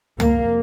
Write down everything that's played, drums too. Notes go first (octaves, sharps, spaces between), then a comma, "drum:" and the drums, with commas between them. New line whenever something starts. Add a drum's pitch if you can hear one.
F2 C3 A#3, drum: tom